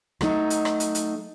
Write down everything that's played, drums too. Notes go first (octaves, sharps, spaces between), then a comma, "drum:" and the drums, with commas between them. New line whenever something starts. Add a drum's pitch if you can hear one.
F#3 A3 D#4, drum: rim click
drum: hi-hat
drum: rim click
drum: hi-hat
drum: hi-hat